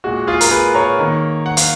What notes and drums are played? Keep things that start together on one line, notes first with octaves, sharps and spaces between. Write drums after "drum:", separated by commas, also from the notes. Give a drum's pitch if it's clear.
A#2 G#3 F#4
F4 G#4
A#4, drum: hi-hat
G#4 B4
A#4 C#5
D#3 A#3
F#5
F5, drum: hi-hat